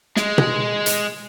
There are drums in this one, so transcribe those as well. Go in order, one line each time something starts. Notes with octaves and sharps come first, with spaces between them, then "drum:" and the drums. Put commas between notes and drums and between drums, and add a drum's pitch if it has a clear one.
G#3, drum: snare
drum: tom B2
drum: hi-hat